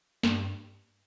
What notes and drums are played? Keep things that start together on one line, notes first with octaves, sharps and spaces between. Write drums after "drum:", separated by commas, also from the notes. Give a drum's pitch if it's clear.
G2, drum: snare